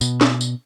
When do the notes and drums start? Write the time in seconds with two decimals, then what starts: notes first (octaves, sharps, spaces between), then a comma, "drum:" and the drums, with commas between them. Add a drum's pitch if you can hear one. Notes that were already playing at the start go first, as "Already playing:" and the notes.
0.01 B2, drum: tambourine
0.21 drum: snare
0.41 drum: tambourine